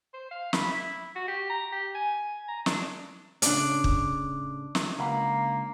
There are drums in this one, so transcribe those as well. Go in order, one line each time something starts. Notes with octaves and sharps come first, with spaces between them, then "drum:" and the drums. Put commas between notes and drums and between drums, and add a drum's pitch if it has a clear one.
C5
F5
B5, drum: snare
E4
F#4
G4
A#5
G4
G#5
A#5
D4, drum: snare
A2 C#3 D4 D5, drum: hi-hat
drum: kick
drum: snare
C#2 A#3 F#5 B5